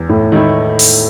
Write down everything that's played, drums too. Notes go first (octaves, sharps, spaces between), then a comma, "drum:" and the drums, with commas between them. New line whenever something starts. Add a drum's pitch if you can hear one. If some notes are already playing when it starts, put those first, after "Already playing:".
Already playing: E2
A2
D#3 A3 E4
drum: open hi-hat